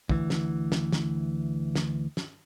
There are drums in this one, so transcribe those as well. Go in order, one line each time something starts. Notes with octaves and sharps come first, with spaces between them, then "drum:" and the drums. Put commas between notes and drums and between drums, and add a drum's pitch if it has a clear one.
D2 E3, drum: kick
drum: snare
drum: snare
drum: snare
drum: snare
drum: snare